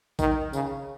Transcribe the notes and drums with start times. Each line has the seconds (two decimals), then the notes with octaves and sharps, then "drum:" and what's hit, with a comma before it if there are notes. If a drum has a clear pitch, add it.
0.19 D#3, drum: kick A#1, tambourine
0.53 C#3, drum: tambourine